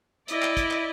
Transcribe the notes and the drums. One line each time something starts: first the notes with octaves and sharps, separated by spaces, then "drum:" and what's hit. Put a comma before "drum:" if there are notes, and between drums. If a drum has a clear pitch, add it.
E4 D5 D#5, drum: hi-hat
drum: clap
drum: kick, hi-hat
drum: clap